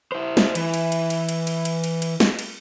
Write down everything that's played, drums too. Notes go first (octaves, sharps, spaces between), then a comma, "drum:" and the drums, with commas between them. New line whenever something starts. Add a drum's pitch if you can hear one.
E4 C5
drum: snare
E3, drum: cymbal
drum: cymbal
drum: cymbal
drum: cymbal
drum: cymbal
drum: cymbal
drum: cymbal
drum: cymbal
drum: cymbal
drum: snare
drum: cymbal